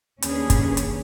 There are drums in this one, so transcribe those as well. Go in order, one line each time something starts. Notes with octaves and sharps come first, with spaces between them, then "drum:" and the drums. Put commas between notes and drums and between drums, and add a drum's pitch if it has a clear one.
D#2 C#4 D4 G#4 B4, drum: hi-hat
drum: kick, hi-hat
drum: hi-hat